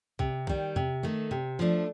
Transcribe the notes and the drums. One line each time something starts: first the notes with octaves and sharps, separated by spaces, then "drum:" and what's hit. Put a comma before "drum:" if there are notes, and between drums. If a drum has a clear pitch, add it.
C3, drum: kick B1
D#3 G3, drum: kick B1
C3, drum: tom E2
D#3 A3
C3
F3 A3 D4